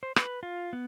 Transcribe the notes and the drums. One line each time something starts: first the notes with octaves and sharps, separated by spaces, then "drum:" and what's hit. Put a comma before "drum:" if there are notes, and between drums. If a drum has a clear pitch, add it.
C5
B4, drum: rim click
F4
B3